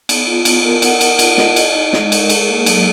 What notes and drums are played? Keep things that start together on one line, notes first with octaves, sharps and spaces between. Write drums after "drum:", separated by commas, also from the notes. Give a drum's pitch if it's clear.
B3, drum: cymbal
F4
B3, drum: cymbal
A#4
F#5, drum: cymbal
A#4, drum: cymbal
F4, drum: cymbal
D#5, drum: snare
D#5, drum: cymbal
D#4
G#3, drum: snare
A#4, drum: cymbal
G#4, drum: cymbal
A#3
F#3, drum: cymbal